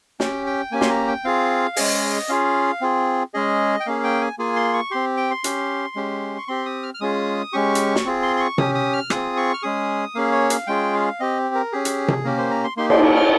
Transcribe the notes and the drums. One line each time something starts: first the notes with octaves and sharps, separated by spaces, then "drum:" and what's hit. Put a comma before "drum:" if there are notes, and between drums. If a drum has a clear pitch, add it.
C#4 G4 G5, drum: snare
G5
A#3 C#4 G4 G#5
C6, drum: snare
A#5
G5
C4 F4 G#4 F5
G#3 C#4 G#4 D#5, drum: open hi-hat
C#4 F4 G#4 F5
C4 F4 G#4
G#3 C#4 G#4 D#5
G5
A#3 C#4 G#4 F5
G5
G#5
A#3 F4 G#4 G#5
C6
C#6
C4 G4 C6
G5
C6
C#4 G4, drum: hi-hat
G#3 C#4 G4
C#6
C4 G4 C6
D#6
F6
F6
G#3 C#4 F4 G#4 D#6
G#3 C#4 G4 C#6
drum: hi-hat
drum: snare
C4 F4 G#4
C6
C6
C#6
C#4 G4 D#6, drum: tom C3
D#6
F6
C4 F4 G#4 D#6, drum: rim click
C#6
F6
G#3 C#4 G#4 D#6
A#3 C#4 G#4 F5
C#5
F5, drum: hi-hat
G#3 C#4 F4 G#4 G5
F5
C4 G4 D#5
A#4
C#4 G4 G#4
drum: hi-hat
drum: tom C3
A#3 C#4 G4 A#4
C5
A#5
C6
A#3 D#4 G4 C6
C6, drum: cymbal
C#6
F6